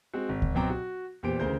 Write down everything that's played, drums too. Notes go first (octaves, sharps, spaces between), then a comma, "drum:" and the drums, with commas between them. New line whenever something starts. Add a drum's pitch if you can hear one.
G#3 C4 F#4
G#1
drum: kick C#2
B2 F#3 C4 G5 A#5 D6
F#4
E2 A#2 G4 C5 D7
D2 C#3 E3 A#4 C5 G6